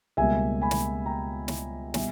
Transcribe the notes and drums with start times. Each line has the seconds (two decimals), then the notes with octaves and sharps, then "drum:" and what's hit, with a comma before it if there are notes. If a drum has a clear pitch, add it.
0.17 C#2 B2 G3 A#3 E5 G#5
0.62 G#5 B5
0.71 drum: snare
1.06 G5 A#5
1.48 drum: snare
1.94 B2 G3 E5 G#5, drum: snare